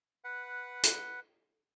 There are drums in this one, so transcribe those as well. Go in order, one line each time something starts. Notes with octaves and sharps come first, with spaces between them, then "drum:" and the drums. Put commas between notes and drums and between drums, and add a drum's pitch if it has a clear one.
B4 F#5
drum: hi-hat